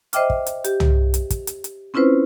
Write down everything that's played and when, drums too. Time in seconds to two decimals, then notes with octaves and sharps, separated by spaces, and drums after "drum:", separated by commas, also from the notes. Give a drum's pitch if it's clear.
0.13 C5 D#5 E5 G5 D6 F6, drum: hi-hat
0.30 drum: kick
0.46 drum: hi-hat
0.64 G4, drum: hi-hat
0.80 drum: tom
1.14 drum: hi-hat
1.30 drum: kick, hi-hat
1.47 drum: hi-hat
1.64 drum: hi-hat
1.94 C4 C#4 E4 F4 B4 C5